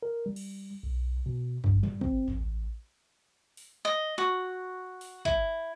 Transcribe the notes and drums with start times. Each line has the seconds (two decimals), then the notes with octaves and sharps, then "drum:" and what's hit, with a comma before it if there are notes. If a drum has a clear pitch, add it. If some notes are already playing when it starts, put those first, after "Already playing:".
0.03 A#4
0.26 G3
0.36 drum: cymbal
0.83 B1
1.26 B2
1.64 G2, drum: kick
1.83 G3, drum: tom
2.01 C4, drum: kick
2.28 A1, drum: tom
3.57 drum: open hi-hat
3.85 D#5
4.18 F#4
5.01 drum: open hi-hat
5.25 E4, drum: kick